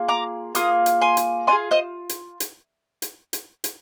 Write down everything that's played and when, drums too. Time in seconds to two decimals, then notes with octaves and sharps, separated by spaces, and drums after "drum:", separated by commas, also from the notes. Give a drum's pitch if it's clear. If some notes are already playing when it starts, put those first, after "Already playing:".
Already playing: A#3 F4 G#4
0.08 A#5 D6
0.55 A#3 F4 G#4 D#6, drum: hi-hat
0.86 drum: hi-hat
1.01 G#5 C6
1.17 drum: hi-hat
1.47 D4 F4 G#4 G#5 C6
1.71 C5 D#5
2.09 drum: hi-hat
2.40 drum: hi-hat
3.02 drum: hi-hat
3.33 drum: hi-hat
3.64 drum: hi-hat